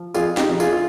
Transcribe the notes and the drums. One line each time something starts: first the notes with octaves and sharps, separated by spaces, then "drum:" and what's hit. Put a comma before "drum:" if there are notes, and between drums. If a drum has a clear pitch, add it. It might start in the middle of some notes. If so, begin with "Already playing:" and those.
Already playing: F3
F2 F4 G#4, drum: tambourine
D#4 G4, drum: snare
F2
F4 G#4, drum: tambourine
F4